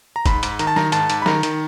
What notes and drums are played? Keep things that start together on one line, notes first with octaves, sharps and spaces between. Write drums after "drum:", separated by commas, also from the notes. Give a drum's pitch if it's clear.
A#5
G#2 B5, drum: kick, hi-hat
G#2, drum: hi-hat
D#3 A#5, drum: hi-hat
A5
D#3 A#5, drum: snare
G#2 A5, drum: hi-hat
G#2, drum: hi-hat
B5
D#3 A#5, drum: snare
D#3, drum: hi-hat